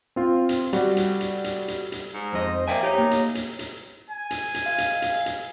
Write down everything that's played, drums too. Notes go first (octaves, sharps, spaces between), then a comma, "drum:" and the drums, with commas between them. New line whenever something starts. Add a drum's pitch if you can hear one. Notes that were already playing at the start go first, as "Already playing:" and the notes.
C4 F4
drum: hi-hat
G3 F#4, drum: hi-hat
drum: hi-hat
drum: hi-hat
drum: hi-hat
drum: hi-hat
drum: hi-hat
G#2
F2 C5 D#5
A#3 D5 E5 G5 G#5
D#4 G4 C#5
A#3
drum: hi-hat
drum: hi-hat
drum: hi-hat
G#5
drum: hi-hat
drum: hi-hat
F5
drum: hi-hat
drum: hi-hat
drum: hi-hat